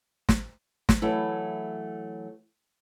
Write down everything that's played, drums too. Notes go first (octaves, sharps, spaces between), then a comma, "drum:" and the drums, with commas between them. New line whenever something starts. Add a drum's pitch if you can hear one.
drum: snare
drum: snare
E3 F#3 A3 E4